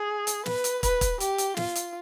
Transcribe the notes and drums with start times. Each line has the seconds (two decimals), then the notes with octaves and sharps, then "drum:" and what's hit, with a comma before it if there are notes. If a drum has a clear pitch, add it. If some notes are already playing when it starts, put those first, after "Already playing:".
Already playing: G#4
0.27 drum: hi-hat
0.46 B4, drum: snare
0.64 drum: hi-hat
0.83 B4, drum: kick, hi-hat
1.01 drum: kick, hi-hat
1.20 G4, drum: hi-hat
1.38 drum: hi-hat
1.57 F4, drum: snare
1.75 drum: hi-hat